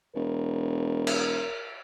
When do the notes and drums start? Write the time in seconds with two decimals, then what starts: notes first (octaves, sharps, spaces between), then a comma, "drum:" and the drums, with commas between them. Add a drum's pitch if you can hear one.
0.15 E1 A#4
1.07 drum: cymbal